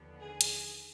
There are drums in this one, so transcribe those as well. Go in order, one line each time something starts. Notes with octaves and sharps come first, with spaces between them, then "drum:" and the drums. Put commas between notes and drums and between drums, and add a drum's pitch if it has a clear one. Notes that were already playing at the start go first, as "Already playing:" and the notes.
Already playing: D#2 D3 F3 B3
G#4
drum: hi-hat